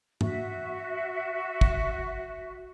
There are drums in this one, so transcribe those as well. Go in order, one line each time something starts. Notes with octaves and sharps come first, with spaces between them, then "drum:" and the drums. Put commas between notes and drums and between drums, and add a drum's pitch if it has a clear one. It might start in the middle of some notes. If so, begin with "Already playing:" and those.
F#4 E5, drum: tom G2
drum: kick